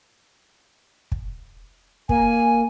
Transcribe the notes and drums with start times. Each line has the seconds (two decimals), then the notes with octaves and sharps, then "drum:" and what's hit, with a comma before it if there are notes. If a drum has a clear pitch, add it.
1.12 drum: kick
2.09 A#3 G#5, drum: kick